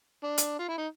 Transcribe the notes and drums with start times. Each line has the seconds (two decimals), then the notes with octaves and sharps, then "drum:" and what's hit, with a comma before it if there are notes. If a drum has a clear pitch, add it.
0.24 D4
0.38 drum: hi-hat
0.59 F4
0.69 E4
0.78 D#4